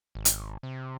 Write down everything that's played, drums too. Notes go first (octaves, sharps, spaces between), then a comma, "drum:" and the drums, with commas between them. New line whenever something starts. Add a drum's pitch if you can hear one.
G#1
drum: hi-hat
C3